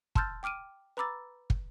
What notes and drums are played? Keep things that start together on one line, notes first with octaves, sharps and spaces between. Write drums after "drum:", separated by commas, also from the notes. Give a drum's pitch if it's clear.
A5 C6 E6 F6 G6 A6, drum: kick
G5 D6 F6 D7 D#7
B4 A#5 B5 D6 E6 A6
drum: kick